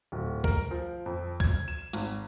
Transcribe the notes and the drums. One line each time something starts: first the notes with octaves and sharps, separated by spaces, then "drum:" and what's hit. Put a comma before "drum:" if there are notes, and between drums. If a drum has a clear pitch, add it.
D1
A#4, drum: kick C2
F3
F2
G#6, drum: kick C2
E7
G#1, drum: hi-hat